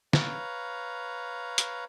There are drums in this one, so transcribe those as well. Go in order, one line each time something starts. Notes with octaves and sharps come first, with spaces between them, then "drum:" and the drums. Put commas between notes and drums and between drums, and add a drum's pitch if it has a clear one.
B4 C#5 F5 A#5, drum: snare
drum: hi-hat